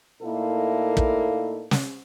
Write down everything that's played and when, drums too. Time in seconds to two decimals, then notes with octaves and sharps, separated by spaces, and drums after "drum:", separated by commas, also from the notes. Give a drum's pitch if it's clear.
0.22 A#2 A3 A#3 D#4 E4 A4
0.97 drum: kick
1.71 drum: snare